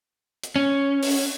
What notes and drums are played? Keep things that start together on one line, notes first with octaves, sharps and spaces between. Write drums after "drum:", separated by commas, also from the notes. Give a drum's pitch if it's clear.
drum: hi-hat
C#4
drum: open hi-hat